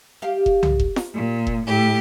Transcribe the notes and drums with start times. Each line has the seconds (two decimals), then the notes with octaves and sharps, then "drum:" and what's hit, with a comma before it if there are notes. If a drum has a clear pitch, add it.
0.22 G4 F5
0.46 drum: kick F1
0.63 drum: tom C2
0.79 drum: kick F1
0.96 drum: snare
1.13 A#2
1.47 drum: kick F1
1.66 A2 G4